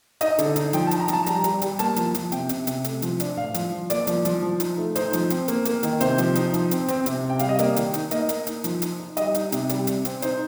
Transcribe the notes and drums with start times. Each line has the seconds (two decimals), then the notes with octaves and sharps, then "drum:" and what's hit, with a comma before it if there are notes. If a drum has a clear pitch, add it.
0.21 D#4 D#5, drum: hi-hat
0.39 D3, drum: hi-hat
0.56 D#4, drum: hi-hat
0.73 F3 G5, drum: hi-hat
0.87 A5
0.91 D#4, drum: hi-hat
1.00 A#5
1.08 F3, drum: hi-hat
1.13 A5
1.26 G3 A#5, drum: hi-hat
1.44 G3, drum: hi-hat
1.62 G3, drum: hi-hat
1.79 A#3 A5, drum: hi-hat
1.96 F3, drum: hi-hat
2.14 F3, drum: hi-hat
2.32 C3 G5, drum: hi-hat
2.49 C3, drum: hi-hat
2.67 C3, drum: hi-hat
2.84 A3, drum: hi-hat
3.02 F3, drum: hi-hat
3.20 D4, drum: hi-hat
3.37 A2 F5
3.54 F3, drum: hi-hat
3.72 F3
3.90 A#3 D5, drum: hi-hat
4.07 F3, drum: hi-hat
4.25 F3, drum: hi-hat
4.42 F3
4.60 D#4, drum: hi-hat
4.78 A3
4.95 D#4 C5, drum: hi-hat
5.13 F3, drum: hi-hat
5.30 C4, drum: hi-hat
5.48 A#3, drum: hi-hat
5.65 A#3, drum: hi-hat
5.83 D#3, drum: hi-hat
6.00 C3 C5, drum: hi-hat
6.18 F3, drum: hi-hat
6.35 D#4, drum: hi-hat
6.54 F3, drum: hi-hat
6.71 C4, drum: hi-hat
6.88 C4, drum: hi-hat
7.06 C3, drum: hi-hat
7.24 C3
7.30 G5
7.39 G3 F5, drum: hi-hat
7.49 D#5
7.59 A#3 D5, drum: hi-hat
7.76 D#3, drum: hi-hat
7.94 D#4, drum: hi-hat
8.11 A#3 D#5, drum: hi-hat
8.29 A#3, drum: hi-hat
8.47 D#4, drum: hi-hat
8.64 F3, drum: hi-hat
8.82 D#4, drum: hi-hat
9.00 D#4
9.17 G3 D#5, drum: hi-hat
9.34 D#4, drum: hi-hat
9.52 C3, drum: hi-hat
9.69 G3, drum: hi-hat
9.87 C3, drum: hi-hat
10.05 C4, drum: hi-hat
10.22 D#4 C5, drum: hi-hat